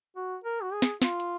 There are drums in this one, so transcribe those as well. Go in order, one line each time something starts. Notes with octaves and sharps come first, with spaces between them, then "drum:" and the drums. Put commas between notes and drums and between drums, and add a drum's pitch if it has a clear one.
F#4
A#4
F#4
G#4
drum: snare
F4, drum: snare
drum: hi-hat